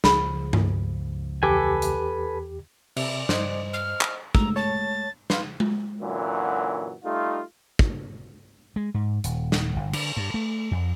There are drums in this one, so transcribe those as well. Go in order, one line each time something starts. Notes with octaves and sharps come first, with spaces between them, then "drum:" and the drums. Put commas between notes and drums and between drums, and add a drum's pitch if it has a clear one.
C#2 F3 G#4 B5, drum: snare
drum: tom G2
E2 G4 A4 B4 G#5 D6
drum: hi-hat
C3 D5 E5, drum: cymbal
G2 C5 D#5, drum: snare
F6
drum: clap
G#3 A3 A#5 E6, drum: kick
C#5 A5 A6
B4 F5 C6, drum: snare
drum: tom G#3
F#2 A#2 D3 E3 F#3
G3 A3 D#4 F4
drum: kick
G#3
G#2
D#1, drum: hi-hat
drum: snare
G1
D3, drum: cymbal
G2
A3
F2